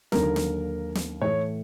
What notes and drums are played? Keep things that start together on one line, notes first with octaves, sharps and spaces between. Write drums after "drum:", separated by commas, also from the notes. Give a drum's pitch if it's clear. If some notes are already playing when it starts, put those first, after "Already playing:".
D#2 D3 F#3 A#3 A#4, drum: snare
drum: snare
drum: snare
A2 E3 A3 C#5